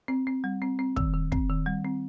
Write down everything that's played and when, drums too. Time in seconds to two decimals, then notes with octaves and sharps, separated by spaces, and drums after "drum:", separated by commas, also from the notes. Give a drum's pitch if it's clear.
0.08 C4
0.27 C4
0.44 G3
0.62 C4
0.79 C4
0.96 D#3, drum: kick
1.14 D#3
1.32 C4, drum: kick
1.49 D#3
1.66 G3
1.84 C4